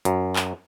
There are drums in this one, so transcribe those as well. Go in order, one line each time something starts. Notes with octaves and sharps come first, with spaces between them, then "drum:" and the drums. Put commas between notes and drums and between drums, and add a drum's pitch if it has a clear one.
F#2, drum: hi-hat
drum: clap